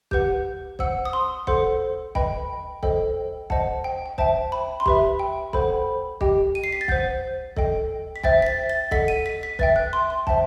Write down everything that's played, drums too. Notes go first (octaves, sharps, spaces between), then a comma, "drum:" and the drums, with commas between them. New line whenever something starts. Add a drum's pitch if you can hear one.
G4 B4 F#5 G6, drum: kick
C5 F#5 E6, drum: kick
D#6
C6
A4 C5 F#5 C6, drum: kick
B4 D#5 G5 B5, drum: kick
A4 C5 D#5 G5, drum: kick
C5 D#5 F#5 A5, drum: kick
G5
G5
C5 E5 G5 A5, drum: kick
B5
C6
G4 B4 E5 B5, drum: kick
G5
A4 C5 F#5 B5, drum: kick
G4 D#5 G5, drum: kick
D#7
C7
B6
A6
C5 F#5 G6, drum: kick
A4 D#5 G5, drum: kick
B6
C5 E5 G5 A6, drum: kick
B6
A6
A6
A4 D#5 F#5 B6, drum: kick
D#7
B6
B6
B4 E5 G5 A6, drum: kick
F#6
C6
C6
C5 E5 G5 A5, drum: kick